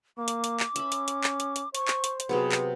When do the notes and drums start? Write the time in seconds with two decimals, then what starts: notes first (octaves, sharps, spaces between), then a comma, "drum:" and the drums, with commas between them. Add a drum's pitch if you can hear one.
0.18 A#3 D6
0.28 drum: hi-hat
0.44 drum: hi-hat
0.60 drum: clap
0.76 C#4 E5 B5, drum: hi-hat
0.92 drum: hi-hat
1.08 drum: hi-hat
1.24 drum: clap
1.40 drum: hi-hat
1.56 drum: hi-hat
1.75 C5 C#6, drum: hi-hat
1.88 drum: clap
2.04 drum: hi-hat
2.20 drum: hi-hat
2.29 C3 F#3 B3 G#4
2.52 drum: clap